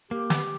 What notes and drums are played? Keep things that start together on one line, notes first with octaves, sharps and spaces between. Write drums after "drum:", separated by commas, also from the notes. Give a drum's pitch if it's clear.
A#3 G4
B3, drum: snare